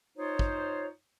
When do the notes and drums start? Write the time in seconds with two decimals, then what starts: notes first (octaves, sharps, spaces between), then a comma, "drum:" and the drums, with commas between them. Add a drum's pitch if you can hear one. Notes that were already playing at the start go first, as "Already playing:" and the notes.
0.18 D#4 F4 C5 C#5
0.39 drum: kick